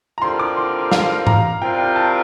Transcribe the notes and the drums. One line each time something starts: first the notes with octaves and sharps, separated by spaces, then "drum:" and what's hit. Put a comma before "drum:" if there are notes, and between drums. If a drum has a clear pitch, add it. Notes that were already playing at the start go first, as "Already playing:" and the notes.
A#5
D3 G3 C4 F4 A#4 C6
D6
C6
F5, drum: snare
A#5, drum: tom G#2
C3 G3 C4 F4 A#4 G5
G5
A5